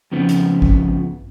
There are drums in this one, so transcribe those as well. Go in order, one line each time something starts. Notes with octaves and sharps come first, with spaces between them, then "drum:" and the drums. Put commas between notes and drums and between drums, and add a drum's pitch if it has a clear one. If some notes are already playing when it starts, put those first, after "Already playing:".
F2 C#3 F3 B3
drum: hi-hat
drum: kick G#1